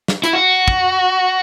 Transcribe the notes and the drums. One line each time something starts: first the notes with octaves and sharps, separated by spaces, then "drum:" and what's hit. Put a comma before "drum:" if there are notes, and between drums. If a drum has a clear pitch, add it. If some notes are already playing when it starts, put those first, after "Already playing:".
drum: snare
E4, drum: hi-hat
F#4
drum: kick